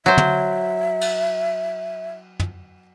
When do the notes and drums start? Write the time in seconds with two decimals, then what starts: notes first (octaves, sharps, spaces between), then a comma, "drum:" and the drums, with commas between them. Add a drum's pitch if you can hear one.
0.06 F#3 C5 E5
0.18 drum: tom
1.01 drum: cymbal
2.40 drum: tom